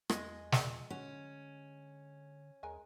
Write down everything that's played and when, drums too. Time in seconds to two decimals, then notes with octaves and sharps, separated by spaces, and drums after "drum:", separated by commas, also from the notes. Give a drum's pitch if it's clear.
0.10 E2 G#3 D#5, drum: rim click
0.52 C4 F4 G#4, drum: snare
0.90 D3 C#4 F#4
2.63 D#2 G#3 A#4 G#5